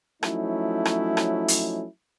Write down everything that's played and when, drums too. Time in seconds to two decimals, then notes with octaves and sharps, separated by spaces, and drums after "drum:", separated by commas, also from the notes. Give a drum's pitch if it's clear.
0.23 F3 F#3 A3 C#4 D#4 E4, drum: rim click
0.85 drum: rim click
1.17 drum: rim click
1.48 drum: hi-hat